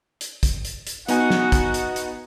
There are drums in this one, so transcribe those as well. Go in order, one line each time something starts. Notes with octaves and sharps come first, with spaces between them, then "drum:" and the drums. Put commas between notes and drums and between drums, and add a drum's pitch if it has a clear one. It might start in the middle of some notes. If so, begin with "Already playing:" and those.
drum: hi-hat
drum: kick, hi-hat
drum: hi-hat
drum: hi-hat
B3 D#4 F#4 F#5 G#5, drum: hi-hat
drum: snare
drum: kick, hi-hat
drum: hi-hat
drum: hi-hat